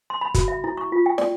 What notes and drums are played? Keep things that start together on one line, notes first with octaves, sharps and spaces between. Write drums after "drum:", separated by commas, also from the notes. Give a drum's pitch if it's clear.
C6
B5
F#4, drum: kick, hi-hat
E5
E4
C#6
F4
G5
D5, drum: snare